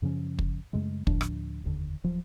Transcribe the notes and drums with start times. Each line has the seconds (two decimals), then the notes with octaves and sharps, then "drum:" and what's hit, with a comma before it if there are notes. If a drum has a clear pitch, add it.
0.02 F#2 C#3 F3 C#4
0.39 drum: kick
0.73 F#2 C#3 G#3 A3
1.07 D2 A2 F3 D4, drum: kick
1.21 drum: rim click
1.64 F1 D#2 D3
2.04 D1 F3 F#3